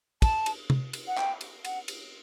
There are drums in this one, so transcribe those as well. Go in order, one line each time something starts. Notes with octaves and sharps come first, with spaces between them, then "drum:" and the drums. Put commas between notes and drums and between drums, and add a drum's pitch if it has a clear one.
A5, drum: kick, cymbal
drum: cymbal
drum: tom C3
drum: cymbal
F#5
G5, drum: clap
drum: cymbal
F#5, drum: cymbal
drum: cymbal